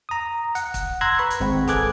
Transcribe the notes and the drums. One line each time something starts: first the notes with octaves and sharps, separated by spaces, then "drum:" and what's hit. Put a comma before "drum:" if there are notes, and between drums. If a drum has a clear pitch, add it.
A#5 D#6
F#5, drum: hi-hat
drum: kick, hi-hat
A#5 C6 E6 F#6 G#6 A#6
B4 B5 C#6
drum: hi-hat
G#1 G#3 C4 F#5
G#4 A4 B4 D6 F#6 G#6, drum: kick, hi-hat